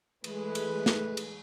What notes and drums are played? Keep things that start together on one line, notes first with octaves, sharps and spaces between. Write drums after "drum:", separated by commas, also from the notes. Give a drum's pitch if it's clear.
E3 G#3 A3 B4, drum: cymbal
drum: cymbal
drum: snare
drum: cymbal